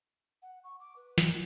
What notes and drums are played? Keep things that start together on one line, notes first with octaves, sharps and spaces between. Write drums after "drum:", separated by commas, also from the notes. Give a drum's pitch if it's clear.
F#5
C#6
D6
B4
E3, drum: snare